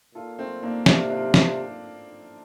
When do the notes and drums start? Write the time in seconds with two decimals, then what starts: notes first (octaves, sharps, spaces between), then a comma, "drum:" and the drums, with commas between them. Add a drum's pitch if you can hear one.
0.15 A#2 F4 A4
0.39 A3 C4
0.63 A#3 D4
0.86 C3 D4 F4, drum: snare
1.10 D4 F4
1.34 D4 F4, drum: snare